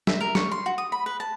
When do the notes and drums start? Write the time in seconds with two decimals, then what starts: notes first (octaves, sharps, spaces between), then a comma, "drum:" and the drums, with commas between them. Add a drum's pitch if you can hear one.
0.07 E5, drum: snare
0.21 A#4
0.35 C#6, drum: snare
0.51 C6
0.66 F#4
0.78 D#6
0.92 B5
1.06 B4
1.20 A5